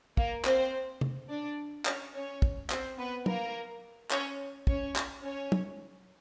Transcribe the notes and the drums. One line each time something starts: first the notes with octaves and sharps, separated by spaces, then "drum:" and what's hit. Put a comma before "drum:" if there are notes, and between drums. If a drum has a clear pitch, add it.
A#3 A#4, drum: kick
C4 C5, drum: clap
drum: tom
D4 D5
C#4 C#5, drum: clap
C#4 C#5
drum: kick
C4 C5, drum: clap
B3 B4
A#3 A#4, drum: tom
C#4 C#5, drum: clap
C#4 C#5, drum: kick
drum: clap
C#4 C#5
drum: tom